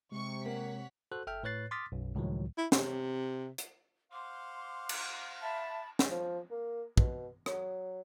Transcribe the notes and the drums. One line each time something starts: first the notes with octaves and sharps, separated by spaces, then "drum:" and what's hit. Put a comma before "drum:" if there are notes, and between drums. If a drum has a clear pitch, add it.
C3 G#3 C#6 C#7
A#3 C#5 F#5 B6
F#4 A4 C5 F#6
G1 A4 E5 G5 F6
A2 B4 C#5 F#6 A6 C7
C6 D6 D#6 F6 A6 B6
B1 F#2
C#2 A2 D#3 F3 F#3
E4
C3, drum: snare
drum: hi-hat
C5 F5 F#5 C6 D6
drum: cymbal
E5 A5 B5
drum: snare
F3
A#3
B2, drum: kick
F#3, drum: rim click